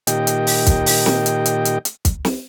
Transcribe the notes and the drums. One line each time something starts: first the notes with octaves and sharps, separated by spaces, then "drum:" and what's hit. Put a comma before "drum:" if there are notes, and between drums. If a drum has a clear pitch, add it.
A#2 D#3 G4 D#5 G5, drum: hi-hat
drum: hi-hat
drum: open hi-hat
drum: kick, hi-hat
drum: open hi-hat
drum: snare
drum: hi-hat
drum: hi-hat
drum: hi-hat
drum: hi-hat
drum: kick, hi-hat
drum: snare